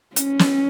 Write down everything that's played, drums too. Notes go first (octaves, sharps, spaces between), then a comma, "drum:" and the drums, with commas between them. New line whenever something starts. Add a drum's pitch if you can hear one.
C#4, drum: hi-hat
drum: snare